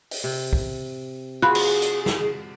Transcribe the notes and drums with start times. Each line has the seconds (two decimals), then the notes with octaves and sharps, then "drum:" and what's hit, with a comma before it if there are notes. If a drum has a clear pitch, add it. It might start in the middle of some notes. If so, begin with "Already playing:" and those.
0.11 drum: open hi-hat
0.24 C3
0.53 drum: kick B1
1.42 F4 F#4 G#4 B5 F#6
1.55 drum: cymbal
1.82 drum: hi-hat
2.06 drum: snare